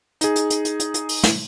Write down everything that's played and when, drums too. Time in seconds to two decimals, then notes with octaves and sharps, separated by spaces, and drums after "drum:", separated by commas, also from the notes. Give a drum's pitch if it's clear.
0.21 D#4 G#4, drum: hi-hat
0.36 drum: hi-hat
0.50 drum: hi-hat
0.65 drum: hi-hat
0.80 drum: hi-hat
0.94 drum: hi-hat
1.09 drum: open hi-hat
1.23 drum: snare